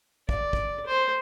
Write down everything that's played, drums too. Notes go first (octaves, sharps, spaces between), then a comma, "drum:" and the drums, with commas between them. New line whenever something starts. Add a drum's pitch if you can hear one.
D5, drum: kick
drum: kick
C5